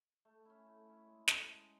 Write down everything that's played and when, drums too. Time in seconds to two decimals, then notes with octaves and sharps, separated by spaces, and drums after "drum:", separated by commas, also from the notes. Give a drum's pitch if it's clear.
0.25 A3
0.45 C#4 E4
0.66 A3
0.86 C#4 E4
1.07 G#3
1.28 D#4 A4, drum: snare
1.48 G#3